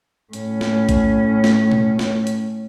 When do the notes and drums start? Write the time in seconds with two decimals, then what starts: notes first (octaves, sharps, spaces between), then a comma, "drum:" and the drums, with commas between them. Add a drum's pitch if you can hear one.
0.33 A2 C#4, drum: hi-hat
0.61 drum: snare
0.89 drum: kick A#1, hi-hat
1.44 drum: snare
1.72 drum: tom B2
1.99 drum: snare
2.27 drum: hi-hat